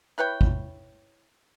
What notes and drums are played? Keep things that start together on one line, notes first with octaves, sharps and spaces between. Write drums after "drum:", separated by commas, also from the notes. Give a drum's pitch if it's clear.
E4 B4 C#5 G5
drum: kick